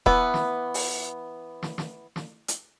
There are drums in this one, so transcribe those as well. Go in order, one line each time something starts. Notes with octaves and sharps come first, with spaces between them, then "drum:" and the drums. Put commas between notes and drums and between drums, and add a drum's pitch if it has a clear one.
E3 B3, drum: kick D#1
drum: snare
drum: open hi-hat
drum: snare
drum: snare
drum: snare
drum: hi-hat